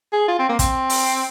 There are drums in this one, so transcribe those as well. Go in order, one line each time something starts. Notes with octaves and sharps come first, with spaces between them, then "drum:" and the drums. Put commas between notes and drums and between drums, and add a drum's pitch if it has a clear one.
G#4
F4
C4
A#3
C4, drum: kick, hi-hat
drum: open hi-hat